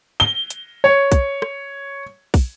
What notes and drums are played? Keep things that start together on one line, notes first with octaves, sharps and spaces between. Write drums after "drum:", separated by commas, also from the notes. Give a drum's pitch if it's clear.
G7
drum: hi-hat
C#5
drum: kick, hi-hat
drum: rim click
drum: kick, open hi-hat